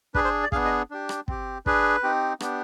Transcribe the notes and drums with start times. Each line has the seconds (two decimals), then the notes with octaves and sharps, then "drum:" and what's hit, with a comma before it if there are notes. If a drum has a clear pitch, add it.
0.15 D4 G#4 B4, drum: kick
0.24 C5
0.43 D5
0.52 B3 D4 G#4 F5, drum: kick
0.65 D#5
0.91 D4 G4
1.09 drum: rim click
1.28 C4 G4, drum: kick
1.66 D4 G#4 B4, drum: kick
2.03 C4 D#4 G4
2.40 B3 D4 G4, drum: rim click